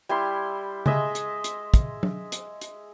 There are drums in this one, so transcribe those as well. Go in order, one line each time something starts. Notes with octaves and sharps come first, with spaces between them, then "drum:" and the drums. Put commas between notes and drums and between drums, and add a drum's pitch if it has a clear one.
G3 E4 C6
G#3 D#5 E5, drum: tom C#3
drum: hi-hat
drum: hi-hat
drum: kick, hi-hat
drum: tom F#3
drum: hi-hat
drum: hi-hat